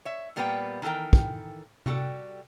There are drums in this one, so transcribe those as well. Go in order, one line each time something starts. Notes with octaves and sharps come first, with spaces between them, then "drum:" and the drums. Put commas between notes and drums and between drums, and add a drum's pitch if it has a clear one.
C#5 E5
A#2 G3 A#3 B3 B4 G5
D#3 E3 A4 A#4 G5
drum: kick
G3 F#4 G4 A4, drum: tom C3